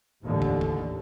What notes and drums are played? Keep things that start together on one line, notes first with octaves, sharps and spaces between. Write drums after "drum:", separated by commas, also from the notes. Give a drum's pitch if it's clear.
A1 D#2 A2 D3
drum: kick
drum: kick